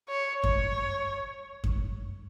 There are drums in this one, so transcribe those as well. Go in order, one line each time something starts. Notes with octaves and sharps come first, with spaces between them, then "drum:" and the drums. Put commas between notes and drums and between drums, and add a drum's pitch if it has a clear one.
C#5
C#5, drum: kick F#2
drum: kick F#2